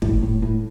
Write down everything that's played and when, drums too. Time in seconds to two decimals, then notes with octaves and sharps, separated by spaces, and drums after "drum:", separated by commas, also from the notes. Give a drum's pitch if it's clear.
0.02 A2, drum: kick
0.23 A2
0.42 A2